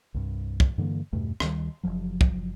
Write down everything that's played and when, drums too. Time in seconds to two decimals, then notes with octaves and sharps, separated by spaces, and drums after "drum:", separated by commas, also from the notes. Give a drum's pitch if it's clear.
0.14 C2 G2
0.60 drum: kick
0.78 G2 D3 E3 A#3
1.13 E2 G2 B2 A3
1.40 D2 D#3 G3, drum: rim click
1.83 F#1 C#2 F3 F#3
2.21 drum: kick